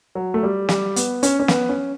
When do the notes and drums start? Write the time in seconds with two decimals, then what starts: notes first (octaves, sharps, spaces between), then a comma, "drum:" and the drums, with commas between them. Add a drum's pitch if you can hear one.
0.15 F#3
0.34 A3
0.43 G3
0.69 G3, drum: snare
0.96 B3, drum: hi-hat
1.23 C#4, drum: hi-hat
1.40 C#4
1.48 B3, drum: snare
1.69 C#4